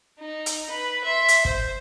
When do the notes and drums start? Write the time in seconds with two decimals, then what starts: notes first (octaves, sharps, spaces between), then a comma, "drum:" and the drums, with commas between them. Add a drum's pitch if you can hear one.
0.20 D#4
0.46 drum: hi-hat
0.71 B4
1.04 E5 C6
1.28 drum: hi-hat
1.45 C5, drum: kick